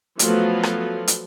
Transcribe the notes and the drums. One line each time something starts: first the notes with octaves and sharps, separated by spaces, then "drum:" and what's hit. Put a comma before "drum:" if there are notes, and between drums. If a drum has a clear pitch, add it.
F3 F#3 A3 B3 F4, drum: hi-hat
drum: rim click
drum: hi-hat